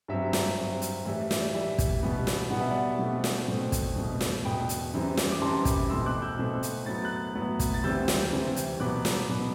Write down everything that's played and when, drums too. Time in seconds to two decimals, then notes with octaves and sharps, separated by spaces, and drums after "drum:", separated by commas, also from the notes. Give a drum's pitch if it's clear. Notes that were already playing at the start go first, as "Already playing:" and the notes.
0.08 G2 F#3 C4 E5
0.33 drum: snare
0.58 G2 F#3 C4
0.82 drum: hi-hat
1.05 A2 E3 G3 E5
1.31 D5, drum: snare
1.48 D5
1.54 A2 E3 G3 E5
1.78 drum: kick, hi-hat
2.03 B2 G3 B3
2.27 drum: snare
2.50 B2 G3 B3 F#5
2.61 E5
2.71 D5 F#5
2.99 B2 A3 C4
3.24 drum: snare
3.48 B2 A3 C4
3.72 drum: kick, hi-hat
3.96 E2 B2 A3
4.21 drum: snare
4.45 E2 B2 A3 G5 B5
4.69 drum: hi-hat
4.93 F#2 E3 G3 C4
5.17 drum: snare
5.31 D6
5.41 F#2 E3 G3 C4 A5 C6
5.65 B5 D6, drum: kick, hi-hat
5.90 B2 A3 C4 C6 E6
6.06 D6 F#6
6.22 E6 G6
6.39 B2 A3 C4
6.63 drum: hi-hat
6.86 A2 F#3 B3 A6
7.04 F#6 A6
7.35 A2 F#3 B3
7.59 drum: kick, hi-hat
7.74 A6
7.84 D2 C3 E3 G3 C4 E6 G6
8.08 drum: snare
8.32 D2 C3 E3 G3 C4
8.56 drum: hi-hat
8.80 B2 F#3 B3 D6 F#6
9.05 drum: snare
9.29 B2 F#3 B3